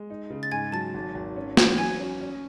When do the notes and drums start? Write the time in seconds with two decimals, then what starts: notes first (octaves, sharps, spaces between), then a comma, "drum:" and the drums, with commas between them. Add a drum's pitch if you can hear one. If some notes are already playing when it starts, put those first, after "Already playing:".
Already playing: G#3
0.10 D#4
0.30 C#3
0.43 A6
0.52 G#2 G#5 G#6
0.72 F#3 A5 A6
0.94 G#1
1.15 G#1
1.36 C#4
1.57 E3, drum: snare
1.78 F#3 G#5 G#6
2.00 C#4
2.21 C#4